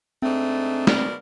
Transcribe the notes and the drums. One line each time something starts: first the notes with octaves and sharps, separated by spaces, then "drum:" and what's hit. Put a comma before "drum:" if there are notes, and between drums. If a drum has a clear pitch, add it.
G#2 A3 C4 D4
B2 A#4 D5, drum: snare